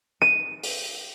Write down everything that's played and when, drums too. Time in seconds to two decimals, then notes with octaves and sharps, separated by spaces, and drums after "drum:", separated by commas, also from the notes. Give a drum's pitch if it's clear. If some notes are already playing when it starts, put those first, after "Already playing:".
0.22 D#7
0.63 drum: open hi-hat